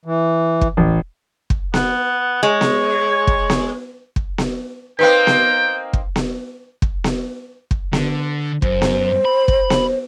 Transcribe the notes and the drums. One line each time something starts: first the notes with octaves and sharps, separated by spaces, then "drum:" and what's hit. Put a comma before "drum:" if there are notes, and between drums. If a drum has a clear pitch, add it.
E3
drum: kick
A1
drum: kick
B3, drum: snare B3
G#3 C#5
drum: snare B3
drum: kick
drum: snare B3
drum: kick
drum: snare B3
A#3 C4 D#4 B4 G5
drum: snare B3
drum: kick
drum: snare B3
drum: kick
drum: snare B3
drum: kick
D3, drum: snare B3
F#2 C5, drum: kick
drum: snare B3
B5
drum: kick
drum: snare B3